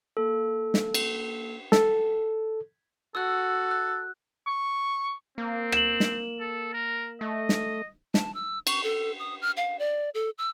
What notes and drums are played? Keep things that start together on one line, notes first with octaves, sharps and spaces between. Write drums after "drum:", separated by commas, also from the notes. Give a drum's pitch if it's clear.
A#3 A4
drum: snare
drum: cymbal
A4, drum: snare
F#4 A4 E6 F#6
F#6
C#6
A#3 C4
E7 F#7, drum: rim click
drum: snare
A4
A#4
A3 D#5
drum: snare
A5, drum: snare
E6
C#6, drum: cymbal
A4
D#6
F6
F5
D5
A4
E6